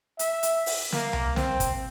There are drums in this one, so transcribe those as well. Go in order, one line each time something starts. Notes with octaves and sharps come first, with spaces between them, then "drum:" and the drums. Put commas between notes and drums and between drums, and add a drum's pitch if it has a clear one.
E5, drum: hi-hat
drum: hi-hat
drum: open hi-hat
A#3, drum: snare
drum: tom C2
C4, drum: snare
drum: kick, hi-hat